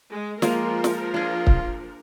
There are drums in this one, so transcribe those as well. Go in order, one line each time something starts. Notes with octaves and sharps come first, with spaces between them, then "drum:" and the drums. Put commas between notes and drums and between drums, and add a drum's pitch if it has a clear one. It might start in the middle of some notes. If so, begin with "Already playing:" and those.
G#3
F3 G#3 A#3 F4 A#4, drum: snare
drum: snare
D4 F4 G#4
drum: kick C#1